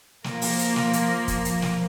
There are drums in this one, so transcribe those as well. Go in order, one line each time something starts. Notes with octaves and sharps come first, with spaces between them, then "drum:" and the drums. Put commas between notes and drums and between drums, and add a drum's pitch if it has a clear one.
F3 A#3, drum: snare
drum: open hi-hat
drum: hi-hat
drum: snare
drum: hi-hat
drum: kick, hi-hat
drum: hi-hat
drum: snare